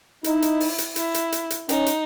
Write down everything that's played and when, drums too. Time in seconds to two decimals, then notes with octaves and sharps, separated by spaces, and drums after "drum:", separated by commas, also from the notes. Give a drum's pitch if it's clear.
0.24 D#4 E4, drum: hi-hat
0.42 drum: hi-hat
0.60 drum: open hi-hat
0.78 drum: hi-hat
0.96 E4, drum: hi-hat
1.14 drum: hi-hat
1.32 drum: hi-hat
1.50 drum: hi-hat
1.69 C#4 D#4, drum: hi-hat
1.86 drum: hi-hat